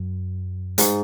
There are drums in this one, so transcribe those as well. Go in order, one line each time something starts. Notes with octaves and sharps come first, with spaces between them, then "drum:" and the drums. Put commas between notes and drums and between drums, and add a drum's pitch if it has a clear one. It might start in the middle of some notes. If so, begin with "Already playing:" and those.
Already playing: F#2
G#2, drum: hi-hat